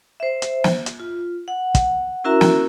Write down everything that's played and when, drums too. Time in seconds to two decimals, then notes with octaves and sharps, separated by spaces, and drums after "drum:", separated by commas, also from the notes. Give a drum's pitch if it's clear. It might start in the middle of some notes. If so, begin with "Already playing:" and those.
0.20 C5 E5
0.42 drum: hi-hat
0.64 drum: snare
0.86 drum: hi-hat
1.00 F4
1.48 F#5
1.75 drum: kick, hi-hat
2.24 C#4 E4 F#4 A#4 E5 A#5
2.41 drum: snare